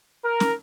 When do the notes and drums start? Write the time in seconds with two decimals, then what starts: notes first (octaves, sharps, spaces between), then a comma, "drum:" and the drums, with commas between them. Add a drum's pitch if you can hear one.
0.25 A#4
0.40 drum: snare